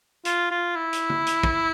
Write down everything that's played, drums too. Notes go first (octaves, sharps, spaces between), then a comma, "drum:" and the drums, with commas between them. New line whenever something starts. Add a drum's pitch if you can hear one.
F4, drum: hi-hat
F4
E4
drum: hi-hat
drum: tom
drum: hi-hat
drum: kick